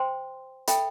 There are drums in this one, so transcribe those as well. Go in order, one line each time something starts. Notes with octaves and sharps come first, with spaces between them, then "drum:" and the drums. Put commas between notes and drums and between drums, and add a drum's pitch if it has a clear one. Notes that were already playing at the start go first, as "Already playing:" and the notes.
Already playing: C5 G5 C6
A4 E5 G5 B5, drum: hi-hat